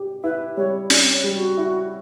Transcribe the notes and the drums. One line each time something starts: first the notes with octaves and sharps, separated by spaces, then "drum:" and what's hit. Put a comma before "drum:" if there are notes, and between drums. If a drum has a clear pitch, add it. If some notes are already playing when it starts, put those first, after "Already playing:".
Already playing: G4
E4 B4
G3 C#5
C#4 D5, drum: open hi-hat
C#5
G3
F#4
E4